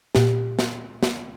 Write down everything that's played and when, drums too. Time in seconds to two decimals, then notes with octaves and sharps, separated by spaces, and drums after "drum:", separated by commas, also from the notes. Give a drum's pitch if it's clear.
0.15 A#2 G4, drum: snare
0.59 drum: snare
1.03 drum: snare